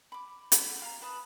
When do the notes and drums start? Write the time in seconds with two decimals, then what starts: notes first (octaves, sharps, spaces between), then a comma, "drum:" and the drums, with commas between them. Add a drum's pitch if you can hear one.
0.12 B5 D6
0.52 B5, drum: hi-hat
0.82 F5 A#5
1.01 B4 A5 B5 D#6